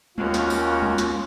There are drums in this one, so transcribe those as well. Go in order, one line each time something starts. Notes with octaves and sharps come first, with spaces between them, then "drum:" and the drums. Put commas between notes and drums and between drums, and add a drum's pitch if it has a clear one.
D#2 C#4 F4 F#4 A#4, drum: tom G3
drum: snare
drum: tambourine
drum: tom G3
drum: snare